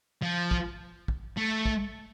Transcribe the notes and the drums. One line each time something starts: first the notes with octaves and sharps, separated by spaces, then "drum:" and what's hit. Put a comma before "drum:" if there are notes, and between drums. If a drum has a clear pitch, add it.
F3
drum: kick
drum: kick
A3
drum: kick